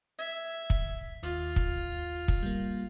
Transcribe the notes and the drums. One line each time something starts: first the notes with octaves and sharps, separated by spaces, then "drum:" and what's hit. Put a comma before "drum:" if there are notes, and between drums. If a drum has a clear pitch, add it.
E5 G#6
drum: kick
D#2 F4
drum: kick
drum: kick
G3 A#3